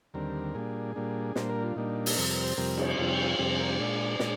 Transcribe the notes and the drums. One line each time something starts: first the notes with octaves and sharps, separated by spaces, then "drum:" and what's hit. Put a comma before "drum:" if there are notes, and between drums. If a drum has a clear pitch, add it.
D#2 D3 G3 C4 A#4
A#2 G3 A#3 D4 G#4
A#2 G3 A#3 D4
A#2 G3 A#3 D4 C5, drum: snare
A#4
F4
A#2 G3 A#3 D4 D#4
drum: open hi-hat
F2 C3 G3 C4 A#4
A#4
C5
F2 C3 G3 C4 A#4
D#4, drum: cymbal
F2 C3 G3 C4 F4
G4
F4
F2 C3 G3 C4 G4
G#4
A#4
D5
A#2 G#3 D4
A#2 G#3 D4, drum: snare